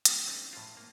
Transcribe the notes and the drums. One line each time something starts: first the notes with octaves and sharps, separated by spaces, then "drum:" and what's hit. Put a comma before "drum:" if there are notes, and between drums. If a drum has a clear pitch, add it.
G3 A#3 C4 E4, drum: hi-hat
E3 A3 C4 C#4 D#4 F4
A2 F3 F4
A#3